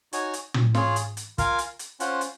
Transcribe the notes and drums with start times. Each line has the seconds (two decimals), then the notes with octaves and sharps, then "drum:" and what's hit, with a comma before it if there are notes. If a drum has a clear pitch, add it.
0.13 D#4 F#4 C#5 G#5, drum: hi-hat
0.33 drum: hi-hat
0.54 drum: tom
0.75 F4 G#4 C#5, drum: snare
0.96 drum: hi-hat
1.17 drum: hi-hat
1.38 F4 A#4 F5 G#5, drum: kick, hi-hat
1.58 drum: hi-hat
1.79 drum: hi-hat
2.00 C#4 F4 C5 F#5, drum: hi-hat
2.21 drum: hi-hat